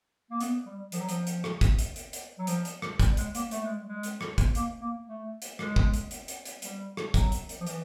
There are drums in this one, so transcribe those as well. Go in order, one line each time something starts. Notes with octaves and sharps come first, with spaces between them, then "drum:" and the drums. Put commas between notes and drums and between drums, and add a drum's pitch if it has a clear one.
A#3
B3, drum: hi-hat
G3
F3, drum: hi-hat
F#3
F3, drum: hi-hat
drum: hi-hat
drum: rim click
drum: kick, hi-hat
drum: hi-hat
drum: hi-hat
drum: hi-hat
F#3
F3, drum: hi-hat
drum: hi-hat
drum: rim click
G3, drum: kick, hi-hat
G#3, drum: hi-hat
A#3, drum: hi-hat
A3, drum: hi-hat
G#3
G3
G#3
drum: hi-hat
drum: rim click
drum: kick, hi-hat
A#3, drum: hi-hat
A#3
A3
drum: hi-hat
G#3, drum: rim click
drum: kick
drum: hi-hat
drum: hi-hat
drum: hi-hat
drum: hi-hat
G3, drum: hi-hat
drum: rim click
F#3, drum: kick, hi-hat
drum: hi-hat
drum: hi-hat
F3
E3, drum: hi-hat